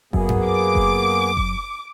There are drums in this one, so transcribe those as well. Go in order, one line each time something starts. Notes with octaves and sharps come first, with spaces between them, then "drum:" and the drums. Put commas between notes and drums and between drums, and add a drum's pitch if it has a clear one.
F#2 A#3 B3 G#4, drum: kick F#1
drum: tom G2
D6
drum: kick F#1
drum: kick F#1